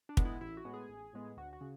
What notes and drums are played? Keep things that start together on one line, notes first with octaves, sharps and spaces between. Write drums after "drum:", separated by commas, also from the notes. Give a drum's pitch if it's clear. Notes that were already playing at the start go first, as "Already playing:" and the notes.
D4
A2 G#3 B3, drum: kick
E4
A1 E4
F#4
A2 G#3 B3
G#4
A1
A2 G#3 B3
D2 F#4
F#4
C#3